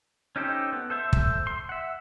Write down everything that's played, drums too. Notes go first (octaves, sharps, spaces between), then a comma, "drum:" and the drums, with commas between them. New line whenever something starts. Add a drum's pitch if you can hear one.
C#4 D#4 G4 A4 C5
B3
A4 C5 E5
drum: kick
C6
E5 F#5